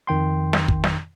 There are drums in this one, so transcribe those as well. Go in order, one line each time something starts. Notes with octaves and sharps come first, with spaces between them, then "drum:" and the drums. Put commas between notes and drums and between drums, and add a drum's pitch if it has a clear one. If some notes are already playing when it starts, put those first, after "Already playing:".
F2 D#3 G5 C6
drum: snare
drum: kick
drum: snare